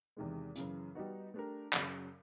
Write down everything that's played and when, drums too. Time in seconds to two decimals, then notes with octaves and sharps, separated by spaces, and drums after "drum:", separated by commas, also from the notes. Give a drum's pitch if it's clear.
0.17 E2 C3 D#3 G#3
0.55 F#2 C#3 E3, drum: hi-hat
0.95 G3 B3 D#4 F#4
1.34 A3 D4 G4 A#4
1.73 F#2 C#3 F#3, drum: clap